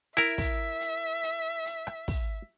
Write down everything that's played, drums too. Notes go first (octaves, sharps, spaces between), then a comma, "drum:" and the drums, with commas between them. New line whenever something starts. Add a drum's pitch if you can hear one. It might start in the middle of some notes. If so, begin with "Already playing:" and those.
E4 A#4 E5, drum: rim click
drum: kick, open hi-hat
drum: hi-hat
drum: hi-hat
drum: hi-hat
drum: rim click
drum: kick, open hi-hat